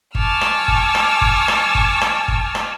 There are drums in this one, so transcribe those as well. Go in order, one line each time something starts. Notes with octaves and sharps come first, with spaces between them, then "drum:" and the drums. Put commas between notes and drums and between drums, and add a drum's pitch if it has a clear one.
G#5 A5 C#6 D6 E6 F6, drum: kick G1
drum: rim click
drum: kick G1
drum: rim click
drum: kick G1
drum: rim click
drum: kick G1
drum: rim click
drum: kick G1
drum: rim click